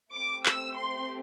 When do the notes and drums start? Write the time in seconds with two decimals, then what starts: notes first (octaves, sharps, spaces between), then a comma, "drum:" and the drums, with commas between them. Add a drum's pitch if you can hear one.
0.13 A3 C4 G4 D6
0.46 E6, drum: clap
0.78 C6